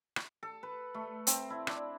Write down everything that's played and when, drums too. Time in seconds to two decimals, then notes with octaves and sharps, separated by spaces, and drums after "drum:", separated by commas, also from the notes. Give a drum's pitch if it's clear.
0.16 drum: rim click
0.43 A4
0.63 B4
0.94 A3
1.27 C4, drum: hi-hat
1.50 E4
1.67 D4, drum: rim click